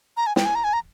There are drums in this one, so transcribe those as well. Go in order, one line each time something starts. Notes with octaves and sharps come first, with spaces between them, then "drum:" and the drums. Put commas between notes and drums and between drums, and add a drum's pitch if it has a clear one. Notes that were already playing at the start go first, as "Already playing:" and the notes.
A#5
G#5
G5, drum: snare
G#5
A#5
G#5
A#5